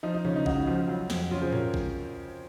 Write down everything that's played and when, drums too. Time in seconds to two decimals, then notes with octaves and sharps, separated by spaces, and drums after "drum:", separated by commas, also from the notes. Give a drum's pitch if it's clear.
0.03 F3 D#4
0.14 D#4
0.25 C#3 C#4, drum: tom D#3
0.36 D#4
0.46 C#2 D#4 F#4, drum: kick A1
0.67 F3
0.88 F#3
1.10 F2, drum: snare
1.31 C#3 C#4 F4
1.42 G#4 C5
1.52 A#4 C#5, drum: tom G#2
1.74 drum: kick A1